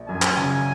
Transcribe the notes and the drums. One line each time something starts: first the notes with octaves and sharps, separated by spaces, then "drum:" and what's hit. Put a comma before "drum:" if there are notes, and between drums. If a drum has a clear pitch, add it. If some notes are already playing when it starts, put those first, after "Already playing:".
Already playing: A#1
F#2 G#5
drum: clap
C#3